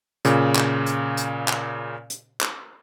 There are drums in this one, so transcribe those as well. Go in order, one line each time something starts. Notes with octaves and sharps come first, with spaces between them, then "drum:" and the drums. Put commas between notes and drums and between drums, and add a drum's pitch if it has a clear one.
A#2 C#3, drum: hi-hat
drum: clap
drum: hi-hat
drum: hi-hat
drum: clap
drum: hi-hat
drum: clap